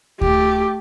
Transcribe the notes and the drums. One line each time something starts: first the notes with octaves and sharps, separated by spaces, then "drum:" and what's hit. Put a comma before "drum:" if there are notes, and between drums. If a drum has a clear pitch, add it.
A3 G4, drum: kick D2